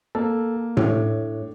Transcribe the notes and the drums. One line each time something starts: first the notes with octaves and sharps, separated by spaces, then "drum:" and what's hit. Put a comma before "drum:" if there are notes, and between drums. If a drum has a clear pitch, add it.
A#3 A4
A2 D4 C#5, drum: tom A2